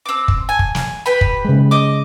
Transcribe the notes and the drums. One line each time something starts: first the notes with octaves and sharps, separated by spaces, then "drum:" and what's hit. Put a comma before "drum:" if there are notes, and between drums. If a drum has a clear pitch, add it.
C4 D6
drum: kick
G#5
drum: kick
drum: snare
G4 B4 B5
drum: kick
C#3 G#3
D#5 D6